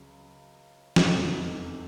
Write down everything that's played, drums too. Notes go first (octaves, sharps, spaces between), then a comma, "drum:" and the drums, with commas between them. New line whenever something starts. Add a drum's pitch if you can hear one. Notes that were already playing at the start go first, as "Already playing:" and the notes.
Already playing: C#2 C#3 F#3
F1 E2 C3 D#3, drum: snare